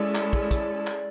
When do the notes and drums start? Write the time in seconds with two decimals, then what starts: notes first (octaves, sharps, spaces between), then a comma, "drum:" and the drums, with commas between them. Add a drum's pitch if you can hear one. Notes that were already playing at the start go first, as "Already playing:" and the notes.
Already playing: G#3 C#4 E4 A4 D5
0.15 drum: clap
0.33 drum: kick
0.51 drum: kick, hi-hat
0.87 drum: clap